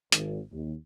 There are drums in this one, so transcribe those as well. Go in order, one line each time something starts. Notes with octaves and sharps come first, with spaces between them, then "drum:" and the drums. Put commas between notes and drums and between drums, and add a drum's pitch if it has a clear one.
G#1, drum: hi-hat
D#2